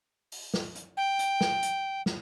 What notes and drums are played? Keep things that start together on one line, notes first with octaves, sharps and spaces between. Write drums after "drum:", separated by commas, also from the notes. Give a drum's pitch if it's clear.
drum: open hi-hat
drum: snare
drum: hi-hat
G5
drum: hi-hat
drum: snare
drum: hi-hat
drum: snare